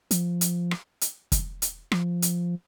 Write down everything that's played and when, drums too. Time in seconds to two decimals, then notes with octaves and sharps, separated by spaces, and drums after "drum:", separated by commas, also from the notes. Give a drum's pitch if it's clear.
0.11 F3, drum: hi-hat
0.41 drum: hi-hat
0.71 drum: rim click
1.01 drum: hi-hat
1.32 drum: kick, hi-hat
1.62 drum: hi-hat
1.92 F3, drum: rim click
2.22 drum: hi-hat